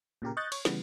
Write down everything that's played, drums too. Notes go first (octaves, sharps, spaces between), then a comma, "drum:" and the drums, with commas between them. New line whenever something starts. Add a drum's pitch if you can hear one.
A#2 C#3 G4 A#4
D#5 C#6 F#6 G6 A6
C#5, drum: cymbal
C#3 E3 G3 B3, drum: snare